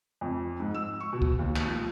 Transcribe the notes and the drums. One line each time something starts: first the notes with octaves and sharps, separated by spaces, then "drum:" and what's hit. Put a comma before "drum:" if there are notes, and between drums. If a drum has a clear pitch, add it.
F2
G#2
E6
C#6
B2
drum: kick
D#2
drum: clap
F3